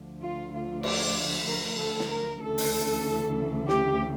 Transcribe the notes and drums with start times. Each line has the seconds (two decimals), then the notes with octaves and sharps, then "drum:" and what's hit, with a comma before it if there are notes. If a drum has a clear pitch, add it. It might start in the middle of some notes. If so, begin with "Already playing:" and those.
Already playing: D2 D3 F3
0.20 F4
0.52 F4
0.83 D5, drum: cymbal
1.46 A#4
1.78 A4
2.00 drum: snare
2.10 A#4
2.41 D2 C#3 E3 A4
2.58 drum: open hi-hat
3.68 G4, drum: snare